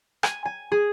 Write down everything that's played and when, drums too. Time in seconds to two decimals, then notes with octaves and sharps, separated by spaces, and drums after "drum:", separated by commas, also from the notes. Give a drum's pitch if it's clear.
0.23 G#5, drum: rim click
0.45 G#5
0.72 G#4